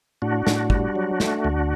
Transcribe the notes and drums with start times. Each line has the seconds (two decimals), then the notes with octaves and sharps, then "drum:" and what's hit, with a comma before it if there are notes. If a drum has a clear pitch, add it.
0.22 A2 D4 F#4
0.47 A2, drum: snare
0.70 G3, drum: kick
0.96 F#3
1.20 A3, drum: snare
1.45 D2